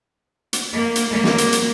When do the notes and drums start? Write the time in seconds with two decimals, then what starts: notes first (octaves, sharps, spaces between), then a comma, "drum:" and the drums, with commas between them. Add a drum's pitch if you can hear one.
0.53 drum: hi-hat
0.73 A#3
0.96 drum: hi-hat
1.10 A#3
1.24 drum: snare
1.38 drum: hi-hat
1.52 drum: hi-hat